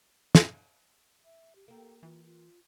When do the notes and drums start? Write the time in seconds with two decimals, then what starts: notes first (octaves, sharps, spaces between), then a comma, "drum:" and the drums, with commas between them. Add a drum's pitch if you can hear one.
0.35 drum: snare
1.25 E5
1.55 G4
1.68 A#3 G4 A4
2.03 E3 F4
2.26 F4